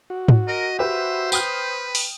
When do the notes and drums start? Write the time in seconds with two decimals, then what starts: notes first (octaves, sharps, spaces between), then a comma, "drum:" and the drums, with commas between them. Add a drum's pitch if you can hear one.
0.10 F#4
0.28 drum: tom G#2
0.48 A#4 D#5
0.79 G4 B4 C5 E5
1.32 B4 G5 D#6 F6, drum: tambourine
1.95 drum: open hi-hat